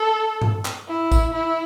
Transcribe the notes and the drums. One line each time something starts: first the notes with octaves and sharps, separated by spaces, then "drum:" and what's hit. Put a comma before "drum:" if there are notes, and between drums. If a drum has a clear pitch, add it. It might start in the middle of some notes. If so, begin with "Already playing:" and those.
Already playing: A4
drum: tom G2
drum: clap
E4
drum: kick A1, tambourine
E4